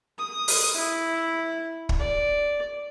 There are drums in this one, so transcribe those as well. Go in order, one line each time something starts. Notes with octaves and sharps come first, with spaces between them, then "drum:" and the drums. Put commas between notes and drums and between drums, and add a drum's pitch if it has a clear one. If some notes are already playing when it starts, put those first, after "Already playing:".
D#6
drum: open hi-hat
E4
drum: kick
D5